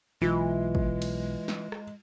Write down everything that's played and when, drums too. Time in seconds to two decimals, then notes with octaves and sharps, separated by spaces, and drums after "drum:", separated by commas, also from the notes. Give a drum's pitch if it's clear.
0.22 B1 E3 G#3 F4
0.75 drum: kick
1.02 drum: cymbal
1.48 drum: snare
1.72 drum: rim click